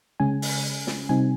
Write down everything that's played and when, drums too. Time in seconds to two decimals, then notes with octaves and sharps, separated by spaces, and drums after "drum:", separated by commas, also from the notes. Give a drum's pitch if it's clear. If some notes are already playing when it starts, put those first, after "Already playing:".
0.20 C#3 G#3 C#4 G#5
0.42 drum: open hi-hat
0.87 drum: snare
1.09 C3 G3 C4 D#4 G#5